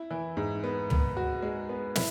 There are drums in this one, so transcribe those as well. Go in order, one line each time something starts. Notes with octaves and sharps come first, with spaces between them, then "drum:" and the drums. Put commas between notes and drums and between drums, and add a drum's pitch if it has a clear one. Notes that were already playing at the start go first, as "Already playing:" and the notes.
Already playing: E4
E3
G#2
B3
B3, drum: tom
F#4
G#3
B3
E4, drum: snare